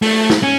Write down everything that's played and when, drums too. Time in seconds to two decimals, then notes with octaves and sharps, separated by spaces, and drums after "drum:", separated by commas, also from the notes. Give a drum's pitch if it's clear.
0.02 A3, drum: open hi-hat
0.30 drum: snare
0.43 C#4